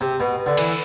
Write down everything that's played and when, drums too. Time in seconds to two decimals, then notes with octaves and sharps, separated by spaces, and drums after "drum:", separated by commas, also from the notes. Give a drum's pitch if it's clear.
0.01 C3
0.20 B2
0.46 D3
0.57 E3, drum: cymbal